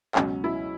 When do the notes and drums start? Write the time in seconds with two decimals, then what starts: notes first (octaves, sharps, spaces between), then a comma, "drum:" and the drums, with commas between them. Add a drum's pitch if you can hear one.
0.15 C#2 B2 F#3 C#4, drum: clap
0.44 E4